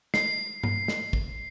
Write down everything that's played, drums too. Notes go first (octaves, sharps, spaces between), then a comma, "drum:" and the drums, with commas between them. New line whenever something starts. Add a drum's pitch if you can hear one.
C7, drum: snare
drum: tom G2
drum: snare
drum: kick